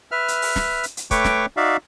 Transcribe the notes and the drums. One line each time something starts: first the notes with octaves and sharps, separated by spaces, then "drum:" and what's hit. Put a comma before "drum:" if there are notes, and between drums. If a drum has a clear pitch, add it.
B4 E5 F6
drum: hi-hat
drum: open hi-hat
drum: snare
drum: hi-hat
drum: hi-hat
A3 B4 C#5 G5 C#6 D6, drum: kick, hi-hat
drum: snare
D#4 F#4 D5 E5 F5